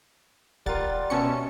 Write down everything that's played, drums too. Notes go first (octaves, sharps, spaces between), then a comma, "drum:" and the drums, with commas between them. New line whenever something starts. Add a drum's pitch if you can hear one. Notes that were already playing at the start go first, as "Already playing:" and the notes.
G3 F4 A#4 F#5 A6, drum: kick
B2 C#4 E5 A5 C#6 C#7